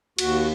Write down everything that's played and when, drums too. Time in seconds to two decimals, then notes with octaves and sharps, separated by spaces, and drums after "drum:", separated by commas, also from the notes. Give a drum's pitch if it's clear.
0.18 D#2 F#4, drum: cymbal